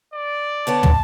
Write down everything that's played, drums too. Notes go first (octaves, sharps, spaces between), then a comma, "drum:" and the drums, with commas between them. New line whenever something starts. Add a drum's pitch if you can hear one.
D5
D3 B3 C#5 A5
drum: tom